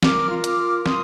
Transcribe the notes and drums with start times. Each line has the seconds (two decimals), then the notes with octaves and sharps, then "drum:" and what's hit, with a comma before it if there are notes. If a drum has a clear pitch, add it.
0.03 A#4 D6 F6, drum: snare
0.30 F4
0.44 D6 F6, drum: hi-hat
0.59 A#4
0.86 F4 C6 D#6, drum: snare